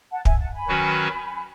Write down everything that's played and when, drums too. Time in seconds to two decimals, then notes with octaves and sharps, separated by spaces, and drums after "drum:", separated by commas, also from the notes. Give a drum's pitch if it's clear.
0.11 F#5 A5
0.25 E5 G#5, drum: kick
0.40 F#5 A5
0.54 G#5 B5
0.68 D#3 F#3 C#4 F#4 B4